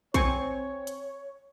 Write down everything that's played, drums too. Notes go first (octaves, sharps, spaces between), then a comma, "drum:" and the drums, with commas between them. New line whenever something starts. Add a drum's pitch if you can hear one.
C4 C#5 G#5 C#6, drum: kick, hi-hat
drum: hi-hat